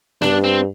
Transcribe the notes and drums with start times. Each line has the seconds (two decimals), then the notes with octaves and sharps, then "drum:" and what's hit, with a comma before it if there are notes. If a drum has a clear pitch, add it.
0.22 G2 D4, drum: snare B3
0.44 C4